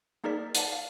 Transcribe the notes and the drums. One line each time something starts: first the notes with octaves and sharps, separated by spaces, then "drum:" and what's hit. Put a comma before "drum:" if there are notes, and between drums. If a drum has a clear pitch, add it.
A#3 D#4 G#4 A#4 D5 B6
B4 D5 F#5 A5, drum: hi-hat
F5